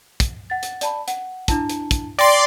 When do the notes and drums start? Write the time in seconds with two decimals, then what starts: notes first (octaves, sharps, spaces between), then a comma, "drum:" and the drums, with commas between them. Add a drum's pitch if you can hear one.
0.20 drum: kick, hi-hat
0.50 F#5 A6
0.63 drum: hi-hat
0.81 D5 A5 B5, drum: hi-hat
1.08 F#5, drum: hi-hat
1.48 D4 E4 A5, drum: kick, hi-hat
1.70 drum: hi-hat
1.91 drum: kick, hi-hat
2.19 D5 G5 C6 A#6 D7